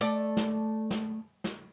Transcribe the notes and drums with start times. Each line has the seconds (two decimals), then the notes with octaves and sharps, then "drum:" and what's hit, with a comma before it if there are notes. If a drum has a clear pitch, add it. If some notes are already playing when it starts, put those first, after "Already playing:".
0.01 A3 D5
0.37 drum: snare
0.90 drum: snare
1.44 drum: snare